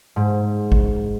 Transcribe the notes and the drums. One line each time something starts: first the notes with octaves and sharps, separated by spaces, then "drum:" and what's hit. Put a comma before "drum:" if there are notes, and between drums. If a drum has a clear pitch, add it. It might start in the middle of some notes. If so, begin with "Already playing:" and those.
G#2
drum: kick